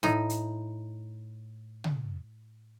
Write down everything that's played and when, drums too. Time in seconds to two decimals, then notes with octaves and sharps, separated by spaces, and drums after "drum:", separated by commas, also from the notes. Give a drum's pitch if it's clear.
0.03 A2 D#4, drum: snare
0.30 drum: hi-hat
1.84 drum: tom